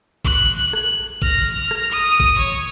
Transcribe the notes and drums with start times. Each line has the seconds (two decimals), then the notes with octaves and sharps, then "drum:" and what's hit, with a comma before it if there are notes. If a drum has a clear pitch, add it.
0.25 F#6, drum: kick G#1
0.73 drum: rim click
1.22 F6 A#6, drum: kick G#1
1.71 drum: rim click
1.91 D#6
2.20 drum: kick G#1
2.38 C#5